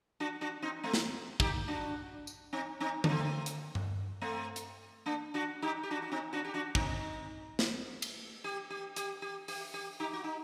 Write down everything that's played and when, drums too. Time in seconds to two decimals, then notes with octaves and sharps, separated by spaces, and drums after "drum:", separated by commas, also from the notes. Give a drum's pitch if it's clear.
0.20 D4 F#4
0.41 D4 F#4
0.62 C4 D#4
0.83 A3 C4
0.94 drum: snare
1.40 D#4 G4, drum: kick
1.68 D4 F#4
2.27 drum: tambourine
2.53 C4 D#4
2.80 C4 D#4
3.04 D4, drum: tom D3
3.09 A3 C4
3.46 drum: hi-hat
3.75 drum: tom G2
4.21 A3 C4
4.56 drum: hi-hat
5.06 A#3 D4
5.34 D4 F#4
5.62 D#4 G4
5.83 G4
5.91 D4 F#4
6.02 F#4
6.12 C4 D#4
6.33 D4 F#4
6.45 G4
6.54 D4 F#4
6.75 C4 D#4, drum: kick
7.59 drum: snare
8.02 drum: cymbal
8.44 G4
8.70 G4
8.96 G4, drum: hi-hat
9.22 G4
9.48 G4, drum: open hi-hat
9.74 G4
10.00 D#4 G4
10.13 F#4
10.24 D#4